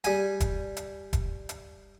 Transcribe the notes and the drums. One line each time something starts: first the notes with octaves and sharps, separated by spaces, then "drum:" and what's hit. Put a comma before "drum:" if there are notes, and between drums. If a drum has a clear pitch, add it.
G3 G#5, drum: hi-hat
drum: kick E1, hi-hat
drum: hi-hat
drum: kick E1, hi-hat
drum: hi-hat